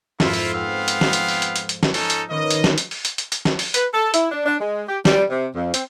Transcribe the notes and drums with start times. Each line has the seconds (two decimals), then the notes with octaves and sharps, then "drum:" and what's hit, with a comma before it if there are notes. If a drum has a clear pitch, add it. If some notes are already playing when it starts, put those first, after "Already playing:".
0.20 F2 G#2 E4 F4, drum: snare
0.34 drum: open hi-hat
0.54 B3 C4 F5 E6
0.88 drum: hi-hat
1.01 drum: snare
1.13 F3, drum: hi-hat
1.28 drum: open hi-hat
1.42 drum: hi-hat
1.56 drum: hi-hat
1.69 drum: hi-hat
1.83 drum: snare
1.94 C#4 D#4 A4, drum: open hi-hat
2.10 drum: hi-hat
2.30 D#3 A#3 B3 C#4 D#5
2.50 drum: hi-hat
2.64 drum: snare
2.78 drum: hi-hat
2.91 drum: open hi-hat
3.05 drum: hi-hat
3.18 drum: hi-hat
3.32 drum: hi-hat
3.45 drum: snare
3.59 drum: open hi-hat
3.74 B4, drum: hi-hat
3.93 A4
4.14 E4, drum: hi-hat
4.31 D4
4.45 D4
4.60 G#3
4.88 G4
5.05 G3, drum: snare
5.30 C3
5.54 F2
5.74 C4, drum: hi-hat